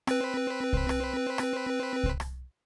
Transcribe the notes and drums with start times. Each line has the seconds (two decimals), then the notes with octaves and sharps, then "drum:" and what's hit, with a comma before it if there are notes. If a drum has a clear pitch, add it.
0.07 C4 B4, drum: rim click
0.73 drum: kick C2
0.89 drum: rim click
1.38 drum: rim click
2.03 drum: kick C2
2.20 drum: rim click